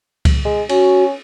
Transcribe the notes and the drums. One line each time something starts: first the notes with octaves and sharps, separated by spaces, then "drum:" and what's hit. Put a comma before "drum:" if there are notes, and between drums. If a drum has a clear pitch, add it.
drum: kick C#2, cymbal
G#3
C#4 F#4, drum: cymbal